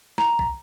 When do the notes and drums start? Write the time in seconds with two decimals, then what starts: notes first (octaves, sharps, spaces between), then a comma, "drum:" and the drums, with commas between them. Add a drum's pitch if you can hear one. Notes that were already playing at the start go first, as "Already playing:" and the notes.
0.18 A#5, drum: snare
0.39 drum: kick